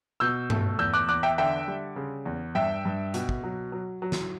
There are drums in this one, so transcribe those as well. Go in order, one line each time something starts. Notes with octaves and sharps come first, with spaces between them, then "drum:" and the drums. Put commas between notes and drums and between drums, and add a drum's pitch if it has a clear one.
B2 E6 G6
A3, drum: tom G2
E2 E6 G6
D6 F#6
E2 D6 F#6
E5 G5
D3 E5 G5
G3
C#3
E2
G2 E5 G5
G2
B2, drum: hi-hat
drum: kick
F#3
F#3
F#3
drum: snare